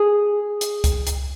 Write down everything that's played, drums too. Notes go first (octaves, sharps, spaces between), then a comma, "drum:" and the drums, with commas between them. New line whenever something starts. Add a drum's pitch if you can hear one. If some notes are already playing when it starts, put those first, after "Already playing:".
Already playing: G#4
drum: hi-hat
drum: kick C#2, hi-hat
drum: hi-hat